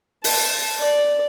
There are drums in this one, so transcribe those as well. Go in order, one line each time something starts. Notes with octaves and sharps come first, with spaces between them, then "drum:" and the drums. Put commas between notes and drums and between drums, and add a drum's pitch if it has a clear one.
A5, drum: open hi-hat
D5